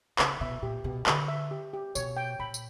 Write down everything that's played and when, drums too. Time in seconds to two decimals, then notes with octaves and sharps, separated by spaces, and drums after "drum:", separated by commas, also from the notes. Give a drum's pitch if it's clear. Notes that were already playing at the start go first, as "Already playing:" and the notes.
0.19 C#3 B4, drum: clap
0.41 B2 E5
0.62 A#2 G4
0.84 B2 G4
1.06 D3 B4, drum: clap
1.28 E5
1.51 G4
1.74 G4
1.95 B2 C#5, drum: tambourine
2.17 G5
2.39 A#2 B5
2.54 drum: tambourine